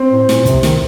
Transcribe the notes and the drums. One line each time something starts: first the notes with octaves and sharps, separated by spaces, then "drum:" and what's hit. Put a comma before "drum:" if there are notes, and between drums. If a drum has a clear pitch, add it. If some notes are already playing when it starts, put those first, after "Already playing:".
Already playing: C4
A2
A#2, drum: snare
C3, drum: kick, hi-hat
D#3, drum: snare